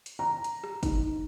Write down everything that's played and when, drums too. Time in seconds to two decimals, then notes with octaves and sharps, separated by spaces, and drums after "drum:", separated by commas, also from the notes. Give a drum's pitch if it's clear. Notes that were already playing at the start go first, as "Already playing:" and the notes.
0.06 drum: hi-hat
0.19 A#5
0.44 drum: hi-hat
0.64 drum: rim click
0.83 D#4, drum: kick, hi-hat